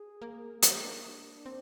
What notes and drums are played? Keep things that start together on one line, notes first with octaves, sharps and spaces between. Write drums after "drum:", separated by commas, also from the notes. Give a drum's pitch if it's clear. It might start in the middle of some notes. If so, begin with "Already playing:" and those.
Already playing: G#4
A#3
A#3 A#4, drum: hi-hat
G#4
D4
D4
C4